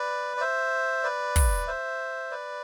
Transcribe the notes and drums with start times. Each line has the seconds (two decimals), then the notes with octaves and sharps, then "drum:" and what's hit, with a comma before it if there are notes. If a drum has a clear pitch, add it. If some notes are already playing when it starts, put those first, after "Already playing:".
Already playing: B4 D5
0.37 D5
0.41 C5 E5
1.03 B4 D5
1.36 drum: kick, open hi-hat
1.67 C5 E5
2.31 B4 D5